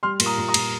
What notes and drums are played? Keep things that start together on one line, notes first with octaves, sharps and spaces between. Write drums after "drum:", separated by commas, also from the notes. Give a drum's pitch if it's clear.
G3 C6 F6
A#2, drum: cymbal
A#5 D#6
A#2
A#5 D#6
A#2, drum: cymbal